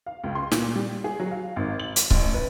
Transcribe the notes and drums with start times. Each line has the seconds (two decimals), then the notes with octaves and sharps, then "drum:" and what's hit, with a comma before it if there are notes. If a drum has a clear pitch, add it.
0.06 F5
0.24 C#2
0.35 C6
0.52 A#2, drum: snare
0.76 G3
1.04 G#4
1.20 F#3
1.31 F5
1.56 G#1
1.80 F#7
1.96 drum: hi-hat
2.10 A1, drum: kick C#1
2.34 B4